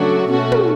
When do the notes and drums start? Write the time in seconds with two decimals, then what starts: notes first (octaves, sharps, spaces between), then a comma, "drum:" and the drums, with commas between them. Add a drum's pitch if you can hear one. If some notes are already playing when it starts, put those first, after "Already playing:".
Already playing: C#3 F#3 A3 D4 F#4
0.28 B2 A3 C#4 F#4 A4
0.52 drum: tom